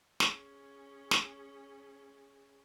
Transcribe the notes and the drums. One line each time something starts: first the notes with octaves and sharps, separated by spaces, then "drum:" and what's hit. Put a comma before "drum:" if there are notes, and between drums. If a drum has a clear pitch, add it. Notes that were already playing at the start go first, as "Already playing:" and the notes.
C#4 G#4, drum: snare
drum: snare